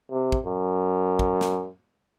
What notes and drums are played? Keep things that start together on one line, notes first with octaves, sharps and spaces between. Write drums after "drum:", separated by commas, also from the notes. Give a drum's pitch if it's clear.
C3
drum: kick
F#2
drum: kick
drum: snare